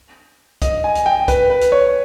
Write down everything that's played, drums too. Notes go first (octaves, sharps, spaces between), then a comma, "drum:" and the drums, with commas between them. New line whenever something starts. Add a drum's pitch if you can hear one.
D#5, drum: kick B1, hi-hat
G#5
drum: hi-hat
G5
B4, drum: kick B1, hi-hat
B4
drum: hi-hat
C#5